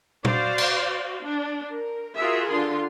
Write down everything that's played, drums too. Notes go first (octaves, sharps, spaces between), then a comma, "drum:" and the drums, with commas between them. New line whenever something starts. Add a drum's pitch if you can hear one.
F#4 C5 D5 F5, drum: tom A#2
drum: cymbal
D4
A#4
F4 F#4 G#4 A#4 E5
D3 F4 C6